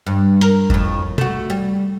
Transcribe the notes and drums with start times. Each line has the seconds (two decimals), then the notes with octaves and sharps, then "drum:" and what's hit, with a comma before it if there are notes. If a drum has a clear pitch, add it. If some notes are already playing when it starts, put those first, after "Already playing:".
0.06 G2
0.41 A#4, drum: hi-hat
0.70 F2 A2, drum: kick F#1
1.18 A3 F#4, drum: tom
1.50 G3